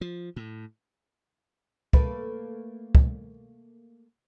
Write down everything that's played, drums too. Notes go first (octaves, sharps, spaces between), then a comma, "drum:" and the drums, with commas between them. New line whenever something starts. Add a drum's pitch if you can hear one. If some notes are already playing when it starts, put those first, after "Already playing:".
F3
A2
A3 A#3 B4, drum: kick
drum: kick